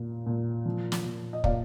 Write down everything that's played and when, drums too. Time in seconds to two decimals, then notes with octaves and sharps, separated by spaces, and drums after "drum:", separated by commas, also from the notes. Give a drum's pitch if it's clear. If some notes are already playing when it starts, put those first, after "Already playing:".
Already playing: A#2
0.26 A#2
0.66 F3
0.92 drum: snare
1.05 A#2
1.33 D#5
1.44 A#2 D5 F5, drum: kick